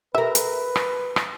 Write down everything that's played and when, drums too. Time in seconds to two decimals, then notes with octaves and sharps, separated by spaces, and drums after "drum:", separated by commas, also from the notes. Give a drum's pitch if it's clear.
0.15 G4 A#4 B4 E5
0.35 drum: hi-hat
0.76 drum: rim click
1.16 drum: rim click